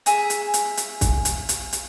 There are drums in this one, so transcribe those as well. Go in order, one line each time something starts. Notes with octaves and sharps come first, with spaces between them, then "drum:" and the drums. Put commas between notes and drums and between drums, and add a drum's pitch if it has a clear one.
G#4 E5 G#5 A#5, drum: hi-hat
drum: hi-hat
drum: hi-hat
drum: hi-hat
drum: kick, hi-hat
drum: hi-hat
drum: hi-hat
drum: hi-hat